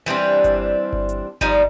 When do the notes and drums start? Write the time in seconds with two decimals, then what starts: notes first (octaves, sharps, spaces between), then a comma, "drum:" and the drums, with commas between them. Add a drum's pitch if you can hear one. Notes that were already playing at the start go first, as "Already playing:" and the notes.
0.06 E3 G3 C4 D4
0.44 drum: kick G1, hi-hat
0.93 drum: kick G1
1.09 drum: hi-hat
1.41 F3 G3 D#4, drum: kick G1, hi-hat